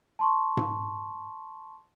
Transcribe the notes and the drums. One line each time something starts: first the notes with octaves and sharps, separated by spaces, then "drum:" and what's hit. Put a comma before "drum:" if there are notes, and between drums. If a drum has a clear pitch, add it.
A5 C6 C#6
drum: tom G#2